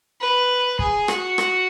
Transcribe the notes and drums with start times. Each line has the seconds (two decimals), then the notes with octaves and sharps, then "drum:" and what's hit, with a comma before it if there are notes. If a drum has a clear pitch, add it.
0.20 B4
0.79 G#4, drum: kick
1.08 F#4, drum: rim click
1.38 drum: rim click